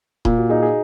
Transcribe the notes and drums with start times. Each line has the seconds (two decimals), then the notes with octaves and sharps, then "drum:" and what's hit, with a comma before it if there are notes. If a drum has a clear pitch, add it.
0.25 A#2, drum: kick D#1
0.38 F#4
0.50 D#4 G#4
0.62 G#4